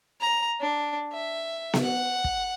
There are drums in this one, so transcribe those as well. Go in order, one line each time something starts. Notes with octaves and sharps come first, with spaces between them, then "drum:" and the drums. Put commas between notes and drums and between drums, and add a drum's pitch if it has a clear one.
A#5
D4
E5
drum: snare B3
F#5
drum: kick